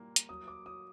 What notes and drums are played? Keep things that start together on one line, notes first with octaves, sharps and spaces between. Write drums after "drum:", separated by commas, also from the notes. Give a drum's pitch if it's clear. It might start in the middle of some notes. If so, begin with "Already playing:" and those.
Already playing: A#2 G3 A#3
drum: hi-hat
F#3 D#6
D6
F#3 D#6